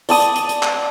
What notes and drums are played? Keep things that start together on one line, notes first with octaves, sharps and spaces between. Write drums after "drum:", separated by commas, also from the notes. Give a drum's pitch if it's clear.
D5 A5 D#6, drum: open hi-hat
drum: hi-hat
drum: hi-hat
drum: hi-hat
drum: clap